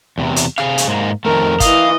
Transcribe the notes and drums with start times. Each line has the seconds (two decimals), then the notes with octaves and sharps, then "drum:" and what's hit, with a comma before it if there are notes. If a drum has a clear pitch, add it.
0.18 E2 C3
0.36 drum: hi-hat
0.58 C3 G#4 F5, drum: rim click
0.78 drum: hi-hat
0.87 G#2 A#3
1.25 F2 D#3 A3 A#4
1.60 E3 D#5 F5, drum: kick G1, hi-hat